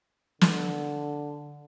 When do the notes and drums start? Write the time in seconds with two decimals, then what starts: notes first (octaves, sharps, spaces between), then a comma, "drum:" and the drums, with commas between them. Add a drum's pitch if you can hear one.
0.41 D3, drum: snare